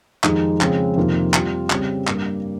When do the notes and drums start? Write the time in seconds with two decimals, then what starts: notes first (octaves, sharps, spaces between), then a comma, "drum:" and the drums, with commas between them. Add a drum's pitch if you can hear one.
0.24 F2 D#3 G#3 D#4 G4, drum: clap
0.61 C#3 F3 G#3 C4, drum: clap
0.96 F2 C3 D#3 A#3 F4
1.34 G3 C4 F4, drum: clap
1.70 C#3 G3 C4, drum: clap
2.07 G2 G3 A#3, drum: clap